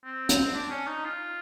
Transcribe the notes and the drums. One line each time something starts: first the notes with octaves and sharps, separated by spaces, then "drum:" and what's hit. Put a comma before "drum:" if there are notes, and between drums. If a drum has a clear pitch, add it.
C4
drum: hi-hat
D4
C#4
D#4
F4